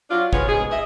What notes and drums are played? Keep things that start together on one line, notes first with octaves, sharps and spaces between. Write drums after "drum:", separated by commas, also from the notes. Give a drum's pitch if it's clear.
F#3 D4 F4
F3 B3 G#4 B4 C#5, drum: kick
G#2 B2 G#4
D#5 E5